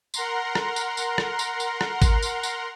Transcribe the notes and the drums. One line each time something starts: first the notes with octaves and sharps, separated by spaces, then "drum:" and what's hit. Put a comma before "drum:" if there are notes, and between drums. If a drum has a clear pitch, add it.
A#4 F#5 A#5 C6, drum: tambourine
drum: rim click
drum: tambourine
drum: tambourine
drum: rim click
drum: tambourine
drum: tambourine
drum: rim click
drum: kick G#1, tambourine
drum: tambourine
drum: tambourine